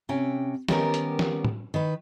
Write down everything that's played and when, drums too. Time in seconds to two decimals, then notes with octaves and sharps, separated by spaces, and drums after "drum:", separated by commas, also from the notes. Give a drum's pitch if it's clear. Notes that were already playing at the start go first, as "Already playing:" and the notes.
0.09 C3 C#4 G5
0.68 D#3 G3 B3 C#4 G4 A#4, drum: snare
0.94 drum: hi-hat
1.19 drum: snare
1.45 drum: tom A2
1.74 D#3 B4